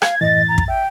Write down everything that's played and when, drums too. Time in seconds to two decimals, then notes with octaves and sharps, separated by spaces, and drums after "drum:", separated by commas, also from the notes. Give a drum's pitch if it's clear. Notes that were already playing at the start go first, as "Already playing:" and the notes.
0.02 F5 G#6, drum: rim click
0.21 F#2 A2 E3 D#5 A6
0.48 A#5
0.58 drum: kick
0.68 E5 G5